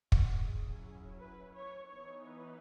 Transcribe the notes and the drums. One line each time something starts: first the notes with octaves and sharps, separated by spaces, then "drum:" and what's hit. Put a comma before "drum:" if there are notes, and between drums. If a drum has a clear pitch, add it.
F#4, drum: kick
F#3 C#4 E4 G#4
B4
C#5
E3 B3 D#4 C#5
B4